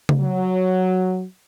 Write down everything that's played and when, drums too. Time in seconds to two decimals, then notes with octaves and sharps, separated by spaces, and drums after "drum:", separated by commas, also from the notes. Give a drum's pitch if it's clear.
0.09 drum: tom C#3
0.21 F#3